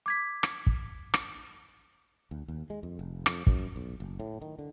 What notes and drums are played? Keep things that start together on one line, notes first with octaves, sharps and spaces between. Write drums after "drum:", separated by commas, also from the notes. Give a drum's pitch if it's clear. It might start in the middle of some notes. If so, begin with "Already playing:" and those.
D6 G#6 B6
drum: rim click
drum: kick
drum: rim click
D2
D#2
G#3
F2
F1
F2, drum: rim click
F#2, drum: kick
B1
F#1
A2
D#3
D3